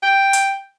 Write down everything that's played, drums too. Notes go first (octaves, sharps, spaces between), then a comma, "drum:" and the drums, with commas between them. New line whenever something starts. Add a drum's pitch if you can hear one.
G5
drum: hi-hat